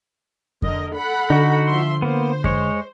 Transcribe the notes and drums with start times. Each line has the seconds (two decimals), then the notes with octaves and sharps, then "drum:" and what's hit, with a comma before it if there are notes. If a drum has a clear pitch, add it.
0.62 D3 A#4 D#5, drum: kick F2
0.96 A4 F#5 B5
1.30 D3 D#4 F#4
1.67 F3 E5 C6
2.02 A#3 B3 C5
2.44 G#3 C#5, drum: kick F2